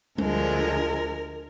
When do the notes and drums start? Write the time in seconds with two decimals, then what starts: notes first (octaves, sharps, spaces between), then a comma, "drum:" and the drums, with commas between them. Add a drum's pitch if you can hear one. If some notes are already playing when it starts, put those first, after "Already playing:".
0.18 D2 D3 F3 G#3 A#4, drum: tom G3